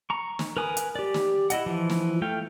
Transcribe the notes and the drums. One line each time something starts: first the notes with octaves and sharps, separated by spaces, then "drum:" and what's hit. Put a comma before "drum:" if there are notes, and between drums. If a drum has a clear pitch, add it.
A#5 C#6
drum: snare
A#4 B4 G#5 D#6
drum: hi-hat
G4 D5
drum: snare
E4 D#5 F#5, drum: hi-hat
E3 F3
drum: snare
A3 F5 G5